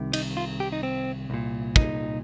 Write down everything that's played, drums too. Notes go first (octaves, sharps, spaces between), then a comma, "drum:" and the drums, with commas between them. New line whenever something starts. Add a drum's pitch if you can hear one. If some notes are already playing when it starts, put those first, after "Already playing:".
Already playing: C2 C3 D#3
D#4, drum: cymbal
F4
G4
D#4
C4
C2 A#2
D#4, drum: kick